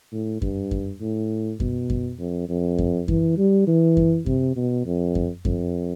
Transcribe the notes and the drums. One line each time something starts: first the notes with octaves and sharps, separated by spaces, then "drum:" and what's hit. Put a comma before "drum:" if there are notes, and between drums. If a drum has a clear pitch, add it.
A2
G2, drum: kick F#2
drum: kick F#2
A2
B2, drum: kick F#2
drum: kick F#2
F2
F2
drum: kick F#2
E3, drum: kick F#2
G3
E3
drum: kick F#2
C3, drum: kick F#2
B2
F2
drum: kick F#2
F2, drum: kick F#2